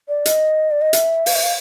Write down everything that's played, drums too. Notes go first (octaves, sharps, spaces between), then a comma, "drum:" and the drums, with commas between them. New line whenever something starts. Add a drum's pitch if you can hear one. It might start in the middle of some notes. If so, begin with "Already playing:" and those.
D5
D#5, drum: hi-hat
D5
D#5
E5, drum: hi-hat
F5, drum: open hi-hat
E5
F5